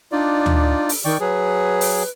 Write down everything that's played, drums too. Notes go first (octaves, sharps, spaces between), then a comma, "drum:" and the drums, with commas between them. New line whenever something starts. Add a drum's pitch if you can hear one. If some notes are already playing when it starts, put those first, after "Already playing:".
D4 D#4 F4 D5
drum: tom D2
drum: open hi-hat
D#3 D5 G5 C#6
F#3 G#4 B4
drum: open hi-hat